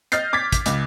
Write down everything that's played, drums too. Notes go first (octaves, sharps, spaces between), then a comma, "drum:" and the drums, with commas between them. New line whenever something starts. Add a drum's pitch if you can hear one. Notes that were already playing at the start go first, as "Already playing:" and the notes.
D#5 F6 G6 A6 C7, drum: hi-hat
D6 G#6 A6 B6
drum: kick, hi-hat
C#2, drum: hi-hat